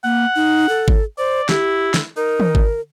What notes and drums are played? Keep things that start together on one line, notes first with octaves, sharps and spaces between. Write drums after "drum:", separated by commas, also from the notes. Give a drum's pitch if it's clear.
A#3 F#5
D#4
A4
drum: kick G#1
C5 D5
E4 G4, drum: snare
drum: snare
D#4 A#4
drum: tom
drum: kick G#1